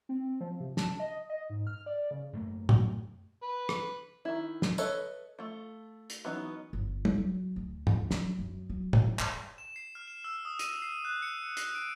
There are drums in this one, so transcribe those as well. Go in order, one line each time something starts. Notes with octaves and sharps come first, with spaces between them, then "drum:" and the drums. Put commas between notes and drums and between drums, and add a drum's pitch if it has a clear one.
C4
F3
C3
A5, drum: snare
D#5
D#5
G#2
F6
D5
C#3
F#2 A3 A#3
drum: tom A2
B4
drum: rim click
D#3 E4
drum: snare
A4 B4 C#5 D#5 E5, drum: tambourine
A3 F4
drum: hi-hat
E3 F#3 B3 C#4 D#4
G1
drum: tom
F#3
D2
drum: tom G2
F#3, drum: snare
F#2
F#3
E3, drum: tom A2
G2, drum: clap
E7
C7
F6
E7
E6
D#6
D#7, drum: hi-hat
C7
F#6
C#7
C7, drum: hi-hat
D7